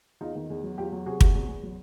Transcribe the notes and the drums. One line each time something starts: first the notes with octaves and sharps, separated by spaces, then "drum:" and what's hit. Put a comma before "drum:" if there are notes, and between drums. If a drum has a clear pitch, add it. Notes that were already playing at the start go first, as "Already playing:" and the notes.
E2 D#4 F4
D#3
E2
F#3
E2 F4 G4
F#3
C3 F#4 G#4
C3, drum: kick
E2
E2
F#3